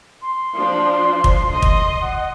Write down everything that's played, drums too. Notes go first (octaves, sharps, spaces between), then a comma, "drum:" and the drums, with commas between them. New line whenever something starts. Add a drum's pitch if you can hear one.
C6
F3 D4
drum: kick
D#5
drum: kick
F#5